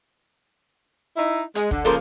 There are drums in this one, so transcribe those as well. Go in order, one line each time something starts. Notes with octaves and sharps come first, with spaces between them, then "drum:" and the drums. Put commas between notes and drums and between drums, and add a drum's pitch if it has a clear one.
D#4 E4
G#3, drum: hi-hat
D3, drum: kick
C#3 F3 A#3 A4 A#4 C5